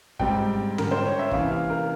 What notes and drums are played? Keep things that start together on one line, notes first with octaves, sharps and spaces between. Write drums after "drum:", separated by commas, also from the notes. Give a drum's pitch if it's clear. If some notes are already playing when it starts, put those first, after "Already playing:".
G#2 G3 C4 G5, drum: kick
A#4, drum: tom
C5
C#5
E5
C3 E3 A#3 F5, drum: kick
F5
A#4